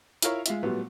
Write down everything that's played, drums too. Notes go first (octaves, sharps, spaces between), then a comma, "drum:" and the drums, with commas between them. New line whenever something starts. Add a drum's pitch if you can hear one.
E4 F4 A#4 C#5, drum: hi-hat
G#3 F4 E5, drum: hi-hat
A#2 F#3 G3 A3 B3